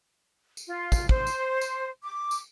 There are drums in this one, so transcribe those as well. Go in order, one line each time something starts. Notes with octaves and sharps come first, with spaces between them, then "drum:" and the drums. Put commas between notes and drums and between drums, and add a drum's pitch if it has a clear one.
drum: tambourine
F4
drum: kick, tambourine
C5, drum: kick
drum: tambourine
drum: tambourine
D6
drum: tambourine